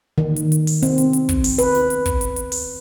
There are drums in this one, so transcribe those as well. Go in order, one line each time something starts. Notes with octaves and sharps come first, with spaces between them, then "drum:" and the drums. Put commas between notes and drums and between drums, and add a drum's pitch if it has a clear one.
D#3
drum: hi-hat
drum: hi-hat
drum: open hi-hat
C4, drum: hi-hat
drum: hi-hat
drum: hi-hat
drum: kick, hi-hat
drum: open hi-hat
B4, drum: hi-hat
drum: snare
drum: hi-hat
drum: kick, hi-hat
drum: hi-hat
drum: hi-hat
drum: open hi-hat